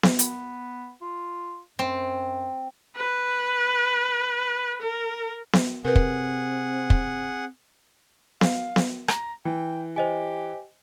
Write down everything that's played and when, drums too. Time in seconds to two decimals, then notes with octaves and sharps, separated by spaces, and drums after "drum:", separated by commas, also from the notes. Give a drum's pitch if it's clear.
0.03 drum: snare B3
0.19 B3, drum: hi-hat
1.02 F4
1.79 F#2 C4
2.96 B4
4.82 A#4
5.53 drum: snare B3
5.85 C3 C4 G#4 A#4 B4 F#5
5.95 drum: kick
6.90 drum: kick
8.41 F5, drum: snare B3
8.76 drum: snare B3
9.08 A#5, drum: rim click
9.45 E3 G5
9.96 G4 C5 D#5 G#5